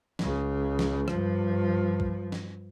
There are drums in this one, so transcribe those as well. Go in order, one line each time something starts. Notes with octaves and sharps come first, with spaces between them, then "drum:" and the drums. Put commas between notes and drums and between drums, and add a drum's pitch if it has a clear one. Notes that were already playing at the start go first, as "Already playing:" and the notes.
C#2 C#3, drum: snare
drum: snare
G2 F3, drum: rim click
drum: kick
drum: snare